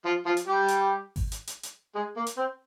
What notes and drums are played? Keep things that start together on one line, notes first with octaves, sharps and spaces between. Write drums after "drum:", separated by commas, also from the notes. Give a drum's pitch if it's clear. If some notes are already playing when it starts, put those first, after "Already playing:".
F3 F4
F3 F4
drum: hi-hat
G3 G4
drum: hi-hat
drum: kick G#1, open hi-hat
drum: hi-hat
drum: hi-hat
drum: hi-hat
G#3 G#4
A#3
drum: hi-hat
C4